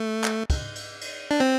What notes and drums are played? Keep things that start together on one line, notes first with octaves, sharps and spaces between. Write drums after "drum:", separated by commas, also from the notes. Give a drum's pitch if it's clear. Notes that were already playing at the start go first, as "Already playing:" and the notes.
Already playing: A3
drum: clap
drum: kick, cymbal
drum: cymbal
drum: cymbal
D4
C4